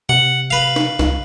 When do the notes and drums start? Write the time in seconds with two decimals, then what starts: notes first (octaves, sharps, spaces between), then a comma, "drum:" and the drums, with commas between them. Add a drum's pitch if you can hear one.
0.09 C3 F#5
0.51 B4 F5
0.76 drum: snare
0.99 C#2, drum: snare